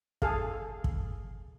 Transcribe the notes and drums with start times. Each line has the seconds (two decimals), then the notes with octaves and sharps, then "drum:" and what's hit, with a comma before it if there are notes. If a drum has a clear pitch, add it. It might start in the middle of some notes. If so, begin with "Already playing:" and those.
0.22 G#4 A4 F5, drum: kick
0.84 drum: kick